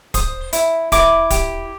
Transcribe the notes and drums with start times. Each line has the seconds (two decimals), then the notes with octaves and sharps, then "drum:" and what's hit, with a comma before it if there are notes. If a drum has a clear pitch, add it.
0.14 C5 D#6, drum: kick D1, hi-hat
0.53 E4, drum: hi-hat
0.92 E4 D6, drum: kick D1, hi-hat
1.30 G4, drum: kick D1, hi-hat